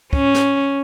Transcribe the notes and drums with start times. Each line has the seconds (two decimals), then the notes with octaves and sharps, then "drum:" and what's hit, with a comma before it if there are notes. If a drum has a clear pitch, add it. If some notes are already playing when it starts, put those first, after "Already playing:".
0.13 C#4, drum: kick
0.35 drum: snare